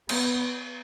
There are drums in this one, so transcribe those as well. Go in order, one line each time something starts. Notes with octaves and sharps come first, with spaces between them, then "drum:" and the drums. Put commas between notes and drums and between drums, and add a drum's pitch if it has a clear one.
B3, drum: cymbal